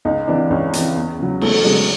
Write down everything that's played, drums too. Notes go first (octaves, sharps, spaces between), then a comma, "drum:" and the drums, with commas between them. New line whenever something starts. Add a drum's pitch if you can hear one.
C#2 D#4
C3 E3 D4
C#2 C#4
C3 E3, drum: hi-hat
E2
C#3 F#3
E2 A3, drum: cymbal
C#3 F#3 G#3
G#3